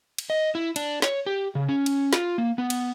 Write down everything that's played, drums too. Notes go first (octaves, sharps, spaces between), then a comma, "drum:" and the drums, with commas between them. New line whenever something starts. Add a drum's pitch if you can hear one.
drum: cymbal
D#5
E4
D4, drum: cymbal
C#5, drum: snare
G4
C#3
C#4
drum: cymbal
F4, drum: snare
A#3
B3
drum: cymbal